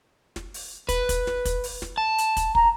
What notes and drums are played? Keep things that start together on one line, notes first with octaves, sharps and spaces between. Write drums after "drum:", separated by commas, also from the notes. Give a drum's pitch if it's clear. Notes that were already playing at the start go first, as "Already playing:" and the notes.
drum: snare
drum: open hi-hat
B4, drum: kick, hi-hat
drum: kick, hi-hat
drum: snare
drum: kick, hi-hat
drum: open hi-hat
drum: snare
A5
drum: hi-hat
drum: kick, hi-hat
A#5, drum: kick